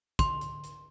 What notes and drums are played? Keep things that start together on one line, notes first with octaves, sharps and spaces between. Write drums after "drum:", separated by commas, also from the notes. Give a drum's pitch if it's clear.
C6, drum: kick, hi-hat
drum: hi-hat
drum: hi-hat